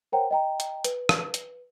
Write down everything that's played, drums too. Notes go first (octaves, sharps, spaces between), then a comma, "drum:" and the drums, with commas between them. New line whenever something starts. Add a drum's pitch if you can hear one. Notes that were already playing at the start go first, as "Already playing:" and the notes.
A#4 C5 C#5 F#5 G5 A#5
D#5 G5 A#5
drum: hi-hat
B4, drum: hi-hat
drum: rim click
drum: hi-hat